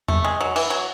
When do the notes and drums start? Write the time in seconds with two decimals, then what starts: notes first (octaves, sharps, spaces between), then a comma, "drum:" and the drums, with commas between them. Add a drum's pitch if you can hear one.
0.08 A3, drum: tom E2
0.24 G#3
0.41 F#3
0.56 E3, drum: cymbal
0.70 F#3